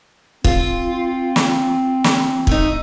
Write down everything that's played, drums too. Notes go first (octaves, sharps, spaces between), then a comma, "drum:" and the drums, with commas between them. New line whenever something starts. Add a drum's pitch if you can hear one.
C4 F4, drum: kick
drum: snare
drum: snare
A3 D#4, drum: kick